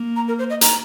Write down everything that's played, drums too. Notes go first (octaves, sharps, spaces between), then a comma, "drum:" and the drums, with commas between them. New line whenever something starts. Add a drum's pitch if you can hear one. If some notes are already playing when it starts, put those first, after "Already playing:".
Already playing: A#3
A#5
A#4
C5
D#5
A#5, drum: hi-hat